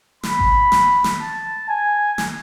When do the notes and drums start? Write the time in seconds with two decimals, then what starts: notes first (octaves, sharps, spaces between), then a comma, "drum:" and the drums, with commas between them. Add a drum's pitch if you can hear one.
0.23 B5, drum: snare
0.39 drum: kick G#1
0.72 drum: snare
1.04 drum: snare
1.21 A5
1.69 G#5
2.18 drum: snare